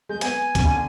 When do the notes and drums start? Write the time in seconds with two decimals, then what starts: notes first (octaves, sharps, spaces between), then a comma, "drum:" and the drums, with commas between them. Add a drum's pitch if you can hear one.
0.09 G#3 G6
0.21 B3 G#5, drum: hi-hat
0.55 B2 C#4, drum: kick C#2, hi-hat
0.71 D3